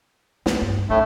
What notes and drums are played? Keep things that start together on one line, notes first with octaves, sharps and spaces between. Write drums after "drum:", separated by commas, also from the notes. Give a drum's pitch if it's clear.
A3, drum: snare
G2
A2 A3 C#4 D#4